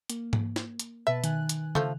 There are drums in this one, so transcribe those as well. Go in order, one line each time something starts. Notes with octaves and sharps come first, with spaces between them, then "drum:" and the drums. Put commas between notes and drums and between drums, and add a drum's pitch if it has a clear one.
A#3, drum: hi-hat
drum: tom G#2
drum: snare
drum: hi-hat
B2 B4 E5 A5
D#3 G#5 F#6, drum: hi-hat
drum: hi-hat
F3 A3, drum: tom C#3